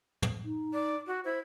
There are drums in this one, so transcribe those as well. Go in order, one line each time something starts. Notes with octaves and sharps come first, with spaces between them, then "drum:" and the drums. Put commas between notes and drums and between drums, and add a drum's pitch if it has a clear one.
drum: tom
D#4
D5
F#4
E4 C5